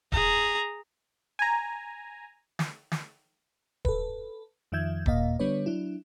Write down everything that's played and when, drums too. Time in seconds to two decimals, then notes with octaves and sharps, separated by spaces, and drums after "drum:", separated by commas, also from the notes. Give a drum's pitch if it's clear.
0.12 G#4 A#5, drum: kick D#1
1.39 G#5 A#5
2.59 drum: snare
2.92 drum: snare
3.85 A4 B4, drum: kick D#1
4.72 F2 D#3 F3 E5 G6 G#6
5.06 D#2 A#2 A#3 D#5 F5, drum: kick D#1
5.39 D3 G3 B3 D4 B4 C#5
5.66 F#3 D4 E4